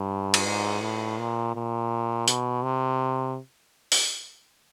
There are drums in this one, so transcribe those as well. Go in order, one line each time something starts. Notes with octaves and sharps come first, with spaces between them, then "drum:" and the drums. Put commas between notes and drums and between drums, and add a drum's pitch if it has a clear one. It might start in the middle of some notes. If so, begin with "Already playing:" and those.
Already playing: G2
drum: cymbal
G#2
A2
A#2
A#2
B2, drum: hi-hat
C3
drum: open hi-hat